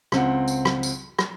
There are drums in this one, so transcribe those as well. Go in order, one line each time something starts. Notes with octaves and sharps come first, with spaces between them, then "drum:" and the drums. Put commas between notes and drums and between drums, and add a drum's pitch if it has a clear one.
C#2 C4 F#5, drum: rim click
drum: tambourine
drum: rim click
drum: tambourine
drum: rim click